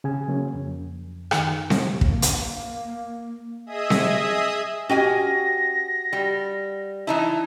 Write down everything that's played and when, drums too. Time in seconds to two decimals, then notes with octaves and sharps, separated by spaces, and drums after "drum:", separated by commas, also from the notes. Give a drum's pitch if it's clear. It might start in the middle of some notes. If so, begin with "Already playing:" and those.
0.04 C#3 G#4 G#5
0.28 C#3 F#3 A#3 C#4
0.54 F2
1.31 F#2 D#3, drum: rim click
1.70 drum: snare C4
2.01 A#3, drum: kick
2.22 drum: hi-hat
3.66 G#4 D#5 E5 D#6
3.90 drum: snare C4
4.89 C#4 F#4 G4 D#5 G#5 A#6
6.13 G3
7.07 E3 D#4 E4 A5